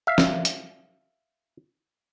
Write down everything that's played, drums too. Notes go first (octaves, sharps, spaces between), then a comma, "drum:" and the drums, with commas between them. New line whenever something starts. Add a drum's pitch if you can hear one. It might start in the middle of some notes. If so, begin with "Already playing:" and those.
E5 F5
drum: snare
drum: hi-hat